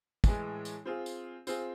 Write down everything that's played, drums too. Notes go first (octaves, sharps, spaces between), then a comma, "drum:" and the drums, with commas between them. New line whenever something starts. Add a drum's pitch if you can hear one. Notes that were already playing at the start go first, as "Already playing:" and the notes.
A2 E3 G#3, drum: kick, tambourine
drum: tambourine
C4 F4 G#4
drum: tambourine
C4 F4 G#4, drum: tambourine